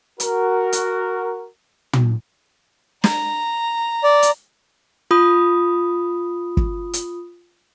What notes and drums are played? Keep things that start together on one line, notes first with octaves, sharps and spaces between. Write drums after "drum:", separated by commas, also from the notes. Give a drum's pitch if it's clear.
F#4 A#4, drum: hi-hat
drum: hi-hat
drum: tom
A#5, drum: snare
D5
drum: hi-hat
F4 B5 D#6
drum: kick
drum: hi-hat